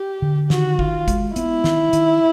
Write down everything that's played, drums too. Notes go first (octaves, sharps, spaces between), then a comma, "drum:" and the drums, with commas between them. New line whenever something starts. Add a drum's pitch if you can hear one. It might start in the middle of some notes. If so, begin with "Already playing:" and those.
Already playing: G4
D3
D#3 F#4, drum: snare
D#3 F4, drum: kick
G#3, drum: kick, hi-hat
B3 E4, drum: hi-hat
D#3, drum: snare
D#3, drum: hi-hat